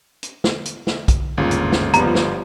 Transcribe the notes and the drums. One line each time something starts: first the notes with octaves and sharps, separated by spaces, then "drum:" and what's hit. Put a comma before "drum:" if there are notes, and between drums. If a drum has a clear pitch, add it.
drum: hi-hat
drum: snare
drum: hi-hat
drum: snare
drum: kick B1, hi-hat
G1 D#2 G#2 C#3 F4
drum: hi-hat
drum: snare
F3 G3 B3 A#5, drum: hi-hat
drum: snare